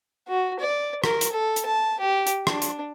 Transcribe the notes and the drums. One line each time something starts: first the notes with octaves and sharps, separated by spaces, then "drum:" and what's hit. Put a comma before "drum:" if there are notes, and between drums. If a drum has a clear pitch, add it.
F#4
D5
A#4, drum: rim click
drum: hi-hat
A4
drum: hi-hat
A5
G4
drum: hi-hat
D4, drum: rim click
drum: hi-hat